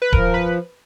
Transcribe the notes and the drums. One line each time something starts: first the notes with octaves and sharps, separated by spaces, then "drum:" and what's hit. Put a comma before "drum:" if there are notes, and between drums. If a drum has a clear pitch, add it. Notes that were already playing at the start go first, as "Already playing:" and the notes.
B4
F3 A#4, drum: kick D#1
B4